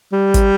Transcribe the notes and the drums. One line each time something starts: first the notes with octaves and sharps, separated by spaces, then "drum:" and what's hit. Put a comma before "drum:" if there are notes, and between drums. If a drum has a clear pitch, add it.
G3
drum: kick G#1, hi-hat